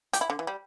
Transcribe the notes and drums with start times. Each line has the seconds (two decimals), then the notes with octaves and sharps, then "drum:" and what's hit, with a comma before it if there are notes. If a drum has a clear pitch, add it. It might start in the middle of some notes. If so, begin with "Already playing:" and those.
0.13 G4, drum: hi-hat
0.21 E4
0.30 D3
0.39 E3
0.47 G3